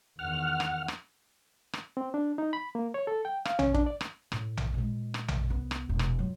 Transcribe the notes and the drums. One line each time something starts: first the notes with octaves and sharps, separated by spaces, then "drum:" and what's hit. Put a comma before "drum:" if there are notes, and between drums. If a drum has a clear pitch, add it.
E2 D#3 F#5 F6
drum: rim click
drum: rim click
drum: rim click
C4
D4
D#4
B5
A#3
C#5
A4
G5
F5, drum: rim click
C#4, drum: tom A#1
D4, drum: kick
D5
drum: rim click
A2, drum: rim click
drum: tom A#1
A#2 G#3
drum: rim click
drum: tom A#1
C2 B3
drum: rim click
E1 A#2
drum: rim click
F#3 F4